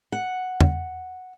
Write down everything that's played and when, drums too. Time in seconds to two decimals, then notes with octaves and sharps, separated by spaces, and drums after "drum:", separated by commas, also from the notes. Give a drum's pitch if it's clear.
0.12 F#5
0.61 drum: tom E2